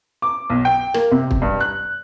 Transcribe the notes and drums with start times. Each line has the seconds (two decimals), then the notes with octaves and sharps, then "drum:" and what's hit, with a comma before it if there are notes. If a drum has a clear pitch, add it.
0.22 D6
0.50 B1
0.65 G5
0.94 A#3, drum: rim click
1.11 C3
1.31 drum: kick
1.42 G2
1.60 F#6